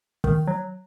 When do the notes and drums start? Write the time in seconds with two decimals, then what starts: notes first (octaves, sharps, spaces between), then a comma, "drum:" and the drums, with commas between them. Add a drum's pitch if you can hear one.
0.24 D#3, drum: kick
0.47 F#3